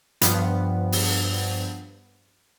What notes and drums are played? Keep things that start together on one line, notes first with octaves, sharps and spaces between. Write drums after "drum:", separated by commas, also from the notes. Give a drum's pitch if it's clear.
G2 F3 B3, drum: hi-hat
drum: open hi-hat